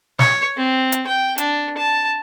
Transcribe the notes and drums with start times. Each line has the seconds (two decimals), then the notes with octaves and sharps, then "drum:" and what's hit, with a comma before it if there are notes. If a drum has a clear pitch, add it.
0.19 C#5, drum: snare
0.57 C4
0.92 drum: hi-hat
1.07 G5
1.38 D4, drum: hi-hat
1.78 A5